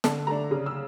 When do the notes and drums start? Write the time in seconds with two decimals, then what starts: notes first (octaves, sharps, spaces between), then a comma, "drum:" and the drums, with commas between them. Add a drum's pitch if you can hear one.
0.04 D3 A5, drum: snare
0.27 A3 D4 A#5
0.51 C#3
0.66 E6